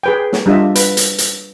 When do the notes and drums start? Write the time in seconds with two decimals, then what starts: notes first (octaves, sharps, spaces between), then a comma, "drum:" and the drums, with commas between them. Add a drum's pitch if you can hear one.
0.03 G#4 B4 G5
0.33 drum: snare
0.46 G3 D4 F4 D#5 E5
0.75 B4, drum: hi-hat
0.97 drum: hi-hat
1.18 drum: hi-hat